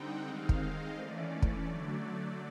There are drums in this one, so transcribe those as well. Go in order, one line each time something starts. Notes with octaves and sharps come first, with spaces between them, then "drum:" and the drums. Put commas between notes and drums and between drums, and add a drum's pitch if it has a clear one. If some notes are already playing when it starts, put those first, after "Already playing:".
Already playing: D3 G3 C4 D#4 F#5 G5
D#3 G#3 C4 D#4 F5
drum: kick
D#5
E3 A3 C#4 D5
drum: kick
D3 F#3 A3